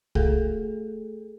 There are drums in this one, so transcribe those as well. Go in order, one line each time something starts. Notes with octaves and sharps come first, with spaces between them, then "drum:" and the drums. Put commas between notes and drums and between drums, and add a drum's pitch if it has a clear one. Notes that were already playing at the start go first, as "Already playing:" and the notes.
A3 G#4 A4, drum: kick C2